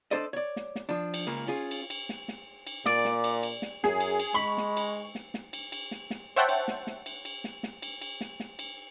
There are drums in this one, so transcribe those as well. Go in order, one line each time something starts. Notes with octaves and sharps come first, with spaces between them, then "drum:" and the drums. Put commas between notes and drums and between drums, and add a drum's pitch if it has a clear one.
D4 A4 C5 D5 D#5
C#5 D5
drum: snare
drum: snare
F3 D4
drum: cymbal
C#2 A#2 A#3
C#4 F4 G#4
drum: cymbal
drum: cymbal
drum: snare
drum: snare
drum: cymbal
A#2 D5, drum: snare
drum: snare
drum: cymbal
drum: cymbal
drum: snare
F#2 G#4, drum: snare
drum: cymbal
drum: cymbal
G#3 B5 C#6
drum: snare
drum: cymbal
drum: snare
drum: snare
drum: cymbal
drum: cymbal
drum: snare
drum: snare
C5 C#5 E5 F#5 G5 A5
drum: cymbal
drum: snare
drum: snare
drum: cymbal
drum: cymbal
drum: snare
drum: snare
drum: cymbal
drum: cymbal
drum: snare
drum: snare
drum: cymbal